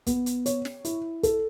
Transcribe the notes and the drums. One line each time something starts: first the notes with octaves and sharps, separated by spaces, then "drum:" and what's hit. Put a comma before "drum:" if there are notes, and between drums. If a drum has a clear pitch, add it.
B3, drum: kick, hi-hat
drum: hi-hat
C#5, drum: hi-hat
drum: snare
E4, drum: hi-hat
A4, drum: kick, hi-hat